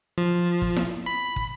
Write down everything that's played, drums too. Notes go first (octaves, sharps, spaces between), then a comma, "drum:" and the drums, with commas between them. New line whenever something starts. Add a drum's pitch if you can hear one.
F3
drum: kick
drum: snare E4
B5
drum: kick